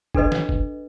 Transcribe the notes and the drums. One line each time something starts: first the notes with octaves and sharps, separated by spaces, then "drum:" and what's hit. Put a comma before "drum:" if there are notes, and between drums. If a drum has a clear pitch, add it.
D4 A4 B4 D#5, drum: kick
drum: snare
drum: kick